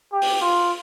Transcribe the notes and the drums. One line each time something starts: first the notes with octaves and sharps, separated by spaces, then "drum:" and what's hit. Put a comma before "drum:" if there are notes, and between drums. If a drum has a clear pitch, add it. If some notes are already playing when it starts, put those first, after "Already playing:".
G4
drum: open hi-hat
F4